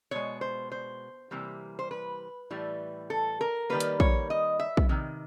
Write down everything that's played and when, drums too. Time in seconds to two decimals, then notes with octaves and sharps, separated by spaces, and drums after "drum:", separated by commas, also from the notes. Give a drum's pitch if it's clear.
0.11 B2 G#3 C#5
0.41 C5
0.72 C5
1.31 C3 E3 G3 A#3
1.79 C5
1.91 B4
2.51 A2 E3 G3
3.10 A4
3.41 A#4
3.70 D#3 G3 A#3 B4
3.80 drum: hi-hat
4.00 C#5, drum: kick
4.30 D#5
4.59 E5
4.77 drum: kick
4.89 C3 D#3